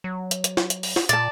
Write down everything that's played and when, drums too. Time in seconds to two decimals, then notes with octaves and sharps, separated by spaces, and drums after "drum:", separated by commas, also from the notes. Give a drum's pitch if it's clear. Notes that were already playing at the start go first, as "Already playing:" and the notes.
0.04 F#3
0.31 drum: hi-hat
0.44 drum: hi-hat
0.57 drum: snare
0.70 drum: hi-hat
0.83 drum: open hi-hat
0.96 drum: snare
1.09 A#2 D5 A5 A6, drum: hi-hat